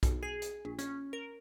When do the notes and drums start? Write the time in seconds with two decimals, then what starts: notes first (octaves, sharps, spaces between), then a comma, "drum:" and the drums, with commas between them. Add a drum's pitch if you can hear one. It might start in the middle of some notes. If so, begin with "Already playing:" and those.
0.03 B1, drum: kick, hi-hat
0.23 G#4
0.42 drum: hi-hat
0.65 A#1
0.79 C#4, drum: hi-hat
1.13 A#4